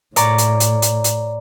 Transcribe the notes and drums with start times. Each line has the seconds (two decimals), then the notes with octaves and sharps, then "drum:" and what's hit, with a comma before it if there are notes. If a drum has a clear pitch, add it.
0.16 A2 C#5 D5 A#5, drum: hi-hat
0.38 drum: hi-hat
0.60 drum: hi-hat
0.82 drum: hi-hat
1.04 drum: hi-hat